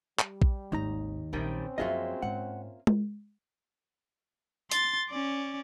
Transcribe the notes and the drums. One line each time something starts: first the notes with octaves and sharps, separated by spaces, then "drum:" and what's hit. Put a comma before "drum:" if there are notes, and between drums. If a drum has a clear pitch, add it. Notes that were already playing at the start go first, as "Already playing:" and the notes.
G3, drum: clap
drum: kick A#1
G#1 D#2 D#4 A#5
A#1 F#2 D#3 G3 C4 C#4
F#2 F3 A#3 F4 F#4 G#4 D#5 E5
G#2 F#5
drum: tom G#3
C6 A6, drum: hi-hat
C#4 D5